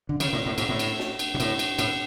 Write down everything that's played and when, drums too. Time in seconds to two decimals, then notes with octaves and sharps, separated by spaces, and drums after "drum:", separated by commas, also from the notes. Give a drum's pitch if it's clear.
0.09 D3
0.20 C#3, drum: cymbal
0.33 A2
0.46 A2
0.58 G#2, drum: cymbal
0.69 A2
0.79 drum: cymbal
0.99 drum: snare
1.19 drum: cymbal
1.34 B2
1.40 A2, drum: cymbal
1.59 drum: cymbal
1.79 A2, drum: cymbal